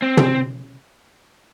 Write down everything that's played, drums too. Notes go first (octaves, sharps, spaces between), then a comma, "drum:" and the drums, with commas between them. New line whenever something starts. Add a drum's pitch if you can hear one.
C4
drum: tom